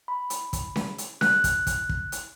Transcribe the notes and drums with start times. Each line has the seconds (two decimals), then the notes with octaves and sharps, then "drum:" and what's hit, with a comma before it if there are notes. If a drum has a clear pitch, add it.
0.08 B5
0.30 drum: hi-hat
0.53 drum: kick, hi-hat
0.76 drum: snare C#4
0.98 drum: hi-hat
1.21 F#6, drum: snare C#4
1.44 drum: kick, hi-hat
1.67 drum: kick, hi-hat
1.89 drum: kick
2.12 drum: hi-hat